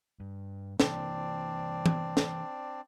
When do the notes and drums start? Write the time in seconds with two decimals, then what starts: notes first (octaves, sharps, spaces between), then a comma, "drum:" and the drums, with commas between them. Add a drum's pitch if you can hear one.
0.20 G2
0.80 C3 E3 A#3 C4 D4 D5, drum: snare
1.86 drum: tom
2.17 drum: snare